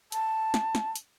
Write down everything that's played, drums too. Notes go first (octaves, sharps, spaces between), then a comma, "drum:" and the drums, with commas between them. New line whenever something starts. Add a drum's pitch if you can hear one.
A5, drum: hi-hat
drum: snare
drum: snare
drum: hi-hat